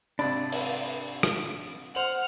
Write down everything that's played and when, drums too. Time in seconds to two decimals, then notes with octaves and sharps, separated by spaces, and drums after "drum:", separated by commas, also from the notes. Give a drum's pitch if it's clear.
0.19 G#1 C3 D4 B5
0.52 drum: open hi-hat
1.23 drum: rim click
1.95 C5 F#5 F6 F#7